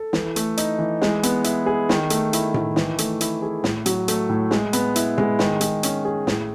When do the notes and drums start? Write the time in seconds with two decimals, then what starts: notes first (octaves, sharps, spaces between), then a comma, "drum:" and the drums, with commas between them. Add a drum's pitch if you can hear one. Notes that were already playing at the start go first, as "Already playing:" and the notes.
Already playing: A4
0.13 E3, drum: snare
0.36 A3, drum: hi-hat
0.57 D#4, drum: hi-hat
0.79 E3
1.02 G#3, drum: snare
1.23 B3, drum: hi-hat
1.44 E4, drum: hi-hat
1.66 G#4
1.89 D#3, drum: snare
2.10 A3, drum: hi-hat
2.33 E4, drum: hi-hat
2.54 D#3, drum: tom A2
2.76 E3, drum: snare
2.98 A3, drum: hi-hat
3.21 E4, drum: hi-hat
3.42 G#4
3.64 A2, drum: snare
3.86 F#3, drum: hi-hat
4.08 A3, drum: hi-hat
4.29 A2
4.51 G#3, drum: snare
4.73 B3, drum: hi-hat
4.96 E4, drum: hi-hat
5.18 G#3, drum: tom A2
5.39 D#3, drum: snare
5.61 G#3, drum: hi-hat
5.83 C#4, drum: hi-hat
6.05 G#4
6.27 A2, drum: snare